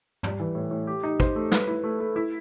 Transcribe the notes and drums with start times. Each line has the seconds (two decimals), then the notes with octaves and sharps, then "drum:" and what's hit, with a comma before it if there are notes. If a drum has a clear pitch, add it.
0.23 G3, drum: tom
0.40 E3
0.55 A2
0.71 A2
0.87 G4
1.04 D#4
1.20 C5, drum: kick
1.36 A3
1.52 B4, drum: snare
1.67 E4
1.84 A3
2.00 A3
2.16 E4